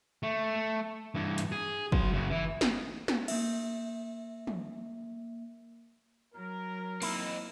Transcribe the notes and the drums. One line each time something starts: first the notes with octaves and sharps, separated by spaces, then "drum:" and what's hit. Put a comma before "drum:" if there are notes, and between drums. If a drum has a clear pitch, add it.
A3
G2 E3
drum: hi-hat
G#4
F#3 C6, drum: kick
F#2 C#3
E3 E4
drum: snare
drum: snare
A#3 E5, drum: cymbal
drum: tom
F#3 A#4
A#3 C4 D#4 E4, drum: cymbal